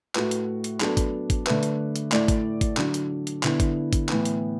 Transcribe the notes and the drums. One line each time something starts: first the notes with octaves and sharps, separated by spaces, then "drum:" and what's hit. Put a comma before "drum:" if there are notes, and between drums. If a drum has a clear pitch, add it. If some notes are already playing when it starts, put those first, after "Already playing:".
A2 A3 F#4 B4, drum: clap
drum: hi-hat
drum: hi-hat
F#3 B3 D4 A4, drum: clap
drum: kick G#1, hi-hat
drum: kick G#1, hi-hat
D3 A3 D4 B4 E5, drum: clap
drum: hi-hat
drum: hi-hat
A2 A3 E4 D5, drum: clap
drum: kick G#1, hi-hat
drum: kick G#1, hi-hat
D3 F#3 D4, drum: clap
drum: hi-hat
drum: hi-hat
D3 B3 E4, drum: clap
drum: kick G#1, hi-hat
drum: kick G#1, hi-hat
A2 E3 B3, drum: clap
drum: hi-hat